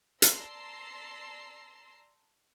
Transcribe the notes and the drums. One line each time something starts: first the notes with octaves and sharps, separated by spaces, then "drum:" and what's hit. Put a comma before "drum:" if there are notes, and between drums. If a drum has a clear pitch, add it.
D5 A5 A#5 C6 E6 C7, drum: hi-hat